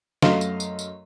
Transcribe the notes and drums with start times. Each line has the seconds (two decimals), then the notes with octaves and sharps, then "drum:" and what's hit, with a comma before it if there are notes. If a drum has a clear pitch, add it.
0.22 F#2 F#3 A3 D#5 F5 C6, drum: snare
0.41 drum: tambourine
0.60 drum: tambourine
0.79 drum: tambourine